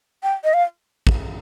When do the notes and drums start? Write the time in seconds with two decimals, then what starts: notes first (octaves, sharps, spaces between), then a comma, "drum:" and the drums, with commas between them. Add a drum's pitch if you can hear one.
0.23 G5
0.44 D#5
0.54 F5
1.07 drum: kick